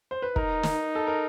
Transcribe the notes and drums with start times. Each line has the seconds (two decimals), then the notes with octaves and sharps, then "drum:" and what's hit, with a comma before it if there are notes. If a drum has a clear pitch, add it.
0.11 C5
0.22 B4
0.36 D#4 A#4, drum: kick
0.63 drum: snare
0.95 A4
1.07 A#4